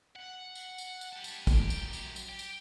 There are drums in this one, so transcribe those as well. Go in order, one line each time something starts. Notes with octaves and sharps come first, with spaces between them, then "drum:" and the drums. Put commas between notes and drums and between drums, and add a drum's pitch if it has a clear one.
F#5
drum: tambourine
drum: tambourine
drum: tambourine
G4 A5
drum: tambourine
F#2 G4, drum: kick, tambourine
drum: tambourine
drum: tambourine
drum: tambourine
G4
drum: tambourine